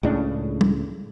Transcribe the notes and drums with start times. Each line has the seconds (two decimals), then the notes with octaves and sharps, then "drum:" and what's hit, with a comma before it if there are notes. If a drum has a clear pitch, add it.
0.03 C#2 A2 C#3 D4
0.61 drum: tom